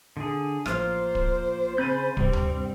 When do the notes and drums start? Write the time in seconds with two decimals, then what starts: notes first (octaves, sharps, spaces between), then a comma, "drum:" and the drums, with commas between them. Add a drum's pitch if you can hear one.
0.17 D3 G#4
0.66 A1 F3 A#3 F4 C5 F5 C6, drum: rim click
1.15 drum: kick
1.78 C#3 C4 B5 G6 A6 D#7
2.17 G2 C3 G3 C4, drum: kick
2.33 drum: tom D2